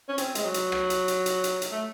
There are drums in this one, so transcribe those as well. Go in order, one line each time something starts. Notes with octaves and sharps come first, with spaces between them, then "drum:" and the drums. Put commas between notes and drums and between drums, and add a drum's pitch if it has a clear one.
C#4
C4, drum: hi-hat
G#3, drum: hi-hat
F#3
drum: hi-hat
drum: rim click
drum: hi-hat
drum: hi-hat
drum: hi-hat
drum: hi-hat
drum: hi-hat
A3